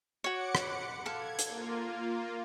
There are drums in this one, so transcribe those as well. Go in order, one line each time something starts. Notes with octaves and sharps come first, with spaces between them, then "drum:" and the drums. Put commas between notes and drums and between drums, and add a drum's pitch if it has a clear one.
F#4 C#5 F#5 D6 C#7
drum: rim click
A4 F5 G#6
drum: hi-hat
A#3 F4